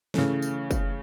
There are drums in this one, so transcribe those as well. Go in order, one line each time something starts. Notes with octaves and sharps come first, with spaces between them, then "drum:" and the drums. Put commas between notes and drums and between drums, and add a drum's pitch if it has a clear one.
C#3 E3 A3 C#4, drum: snare
drum: tambourine
drum: kick, tambourine